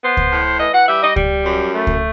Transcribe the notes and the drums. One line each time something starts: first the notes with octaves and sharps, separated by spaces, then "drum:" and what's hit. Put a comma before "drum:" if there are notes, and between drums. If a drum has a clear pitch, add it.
B3 C5
drum: kick C#2
A2
E3 D#5
F#5
G3 E5
D#5
G3, drum: kick C#2
F#2
A3
drum: kick C#2